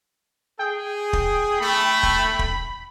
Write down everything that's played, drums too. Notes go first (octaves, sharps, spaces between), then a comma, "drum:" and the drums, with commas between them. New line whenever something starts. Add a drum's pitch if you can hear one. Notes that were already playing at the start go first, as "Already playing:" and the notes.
G#4 G5
drum: kick
A3 B5
drum: kick
drum: kick